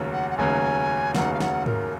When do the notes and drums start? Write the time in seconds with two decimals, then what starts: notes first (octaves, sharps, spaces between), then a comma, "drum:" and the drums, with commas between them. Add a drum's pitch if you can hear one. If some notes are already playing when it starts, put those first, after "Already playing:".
Already playing: F1 D#2 C#3 F#3
0.12 F#5
0.30 F#5
0.38 F1 D#2 C#3 F#3 G#5
1.15 F1 D#2 C#3 F#3 F#5, drum: snare
1.34 F5
1.40 F#5, drum: snare
1.66 A#4, drum: tom G#2